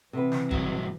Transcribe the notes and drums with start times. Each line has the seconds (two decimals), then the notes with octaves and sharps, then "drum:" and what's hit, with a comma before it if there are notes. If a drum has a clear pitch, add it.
0.13 C3 E3 B3 B4
0.32 drum: snare
0.51 G2 B2 F#3, drum: kick